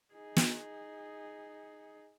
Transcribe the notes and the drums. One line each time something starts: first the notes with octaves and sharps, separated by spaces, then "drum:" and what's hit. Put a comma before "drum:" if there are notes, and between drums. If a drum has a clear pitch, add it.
D#4 G#4
drum: snare